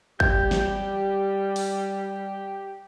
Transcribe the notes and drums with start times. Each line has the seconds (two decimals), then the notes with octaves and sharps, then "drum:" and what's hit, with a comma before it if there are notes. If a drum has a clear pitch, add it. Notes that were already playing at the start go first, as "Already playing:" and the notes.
0.20 G3 G4 G6, drum: kick G#1
0.51 drum: snare
1.56 drum: open hi-hat